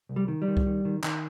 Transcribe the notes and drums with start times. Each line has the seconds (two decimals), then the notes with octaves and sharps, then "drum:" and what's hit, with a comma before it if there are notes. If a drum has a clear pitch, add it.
0.09 C2
0.16 G3
0.28 D#3
0.42 G3
0.48 D#3
0.57 drum: kick C2
0.66 D#3
0.85 D#3
1.03 D#3, drum: clap